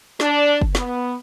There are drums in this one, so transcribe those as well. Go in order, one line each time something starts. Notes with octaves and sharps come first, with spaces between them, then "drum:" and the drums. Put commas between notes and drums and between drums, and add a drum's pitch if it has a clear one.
D4, drum: snare
drum: kick F#1
B3, drum: snare